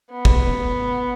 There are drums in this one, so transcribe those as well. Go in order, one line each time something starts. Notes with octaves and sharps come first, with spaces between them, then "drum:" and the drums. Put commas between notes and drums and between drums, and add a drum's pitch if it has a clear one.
B3
drum: kick